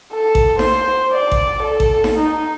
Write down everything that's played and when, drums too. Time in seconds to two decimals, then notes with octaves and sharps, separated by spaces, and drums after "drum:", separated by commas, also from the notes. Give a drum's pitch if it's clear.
0.12 A4
0.35 drum: kick A1
0.59 C5, drum: snare D#4
1.13 D5
1.32 drum: kick A1
1.63 A4
1.80 drum: kick A1
2.04 drum: snare D#4
2.19 D#4